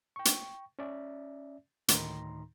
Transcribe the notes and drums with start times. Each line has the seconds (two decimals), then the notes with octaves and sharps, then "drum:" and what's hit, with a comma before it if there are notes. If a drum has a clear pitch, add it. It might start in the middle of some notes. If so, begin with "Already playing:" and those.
0.16 G5 C#6
0.25 drum: hi-hat
0.79 C#4 D5 E5
1.88 D2 A2 D#3 D#4 A#5 C6, drum: hi-hat